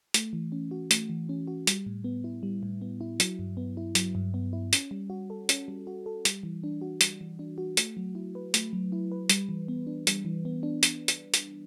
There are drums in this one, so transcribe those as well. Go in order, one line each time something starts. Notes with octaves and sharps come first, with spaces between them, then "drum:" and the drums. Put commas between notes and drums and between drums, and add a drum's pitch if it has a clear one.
A3, drum: hi-hat
E3
C#4
F#4
A3, drum: hi-hat
E3
C#4
F#4
G3, drum: hi-hat
A2
B3
E4
G3
A2
B3
E4
F#3, drum: hi-hat
G2
B3
E4
F#3, drum: hi-hat
G2
B3
E4
C#4, drum: hi-hat
G3
F#4
A4
C#4, drum: hi-hat
G3
F#4
A4
G3, drum: hi-hat
E3
D4
F#4
G3, drum: hi-hat
E3
D4
F#4
A3, drum: hi-hat
F#3
E4
B4
A3, drum: hi-hat
F#3
E4
B4
G3, drum: hi-hat
E3
B3
D4
G3, drum: hi-hat
E3
B3
D4
drum: hi-hat
drum: hi-hat
drum: hi-hat